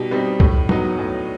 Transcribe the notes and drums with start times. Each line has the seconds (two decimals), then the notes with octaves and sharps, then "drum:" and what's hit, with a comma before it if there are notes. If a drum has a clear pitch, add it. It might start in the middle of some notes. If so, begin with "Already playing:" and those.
Already playing: B2 G3 D#4
0.11 G3 C4 D#4
0.40 A2, drum: kick C#2
0.69 F#3 B3 D#4, drum: tom
0.99 A2